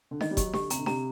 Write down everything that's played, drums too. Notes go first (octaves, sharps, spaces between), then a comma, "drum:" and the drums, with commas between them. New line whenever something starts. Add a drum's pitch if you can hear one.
D3
D#3 D#5, drum: snare D4
G3
F#3 G4, drum: kick F#1, hi-hat
D3 G4, drum: snare D4
C3 A#5, drum: hi-hat
D3
C3 A#5, drum: snare D4